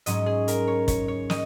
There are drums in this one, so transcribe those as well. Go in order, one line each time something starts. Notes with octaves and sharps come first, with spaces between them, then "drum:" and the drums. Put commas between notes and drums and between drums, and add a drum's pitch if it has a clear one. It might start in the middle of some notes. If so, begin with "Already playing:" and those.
G#2 F#3 C#4 D#5, drum: hi-hat
G#4
A#4, drum: hi-hat
C#5
C#5, drum: kick, hi-hat
C#5
D#5, drum: snare